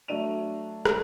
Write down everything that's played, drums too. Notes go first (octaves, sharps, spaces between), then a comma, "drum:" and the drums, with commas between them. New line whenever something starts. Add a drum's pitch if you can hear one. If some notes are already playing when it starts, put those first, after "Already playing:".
F#3 A3 D4 D#7 F7
drum: rim click